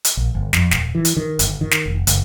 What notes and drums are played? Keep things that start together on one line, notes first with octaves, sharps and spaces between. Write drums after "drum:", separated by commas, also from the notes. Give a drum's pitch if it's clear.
drum: hi-hat
A#1
G1
F2, drum: snare
D#1, drum: snare
E3
drum: hi-hat
D#3
G1, drum: hi-hat
D#3
drum: snare
F1
F#1, drum: hi-hat